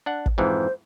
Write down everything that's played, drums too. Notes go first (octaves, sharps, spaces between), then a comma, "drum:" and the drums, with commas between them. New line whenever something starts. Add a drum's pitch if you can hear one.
D4 F#5
drum: kick
F2 G#2 E3 C5